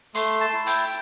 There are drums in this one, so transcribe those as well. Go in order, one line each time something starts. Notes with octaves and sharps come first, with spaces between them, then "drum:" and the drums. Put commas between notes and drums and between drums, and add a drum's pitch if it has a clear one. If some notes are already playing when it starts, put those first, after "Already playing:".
A3 C6, drum: hi-hat
A5
E4
G5, drum: hi-hat